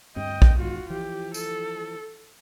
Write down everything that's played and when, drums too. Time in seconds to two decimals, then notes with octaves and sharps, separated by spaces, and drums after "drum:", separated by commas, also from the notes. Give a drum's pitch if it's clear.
0.16 D2 G2 C4 D#5 G5
0.42 drum: kick
0.59 G#1 E2 G#2 F4 F#4
0.90 E3 F3 G4
1.34 A4, drum: tambourine